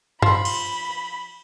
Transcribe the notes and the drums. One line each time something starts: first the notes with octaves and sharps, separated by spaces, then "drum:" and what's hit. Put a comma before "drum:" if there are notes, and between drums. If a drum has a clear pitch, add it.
F3 B5, drum: tom F#2
drum: cymbal